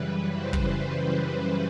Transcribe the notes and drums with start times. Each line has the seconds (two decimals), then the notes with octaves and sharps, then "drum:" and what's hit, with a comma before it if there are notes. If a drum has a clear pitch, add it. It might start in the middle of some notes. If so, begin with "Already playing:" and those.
Already playing: F#2 C#3 E3 G3 B4
0.35 C5
0.53 drum: kick